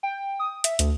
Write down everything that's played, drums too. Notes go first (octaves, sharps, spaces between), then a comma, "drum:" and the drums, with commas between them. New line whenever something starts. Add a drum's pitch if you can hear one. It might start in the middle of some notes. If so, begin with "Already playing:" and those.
G5
D#6
E5, drum: hi-hat
D2, drum: hi-hat